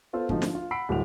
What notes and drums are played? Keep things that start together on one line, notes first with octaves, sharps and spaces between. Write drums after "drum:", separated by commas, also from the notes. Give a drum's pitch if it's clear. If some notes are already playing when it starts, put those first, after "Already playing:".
B3 F4 A4 C5
G#2 D3 F3 A3 D#4 F#4, drum: kick
D4 F4, drum: snare
F4
F#5 B5 E6 B6 C7 D7
D1 G1 F#5 F7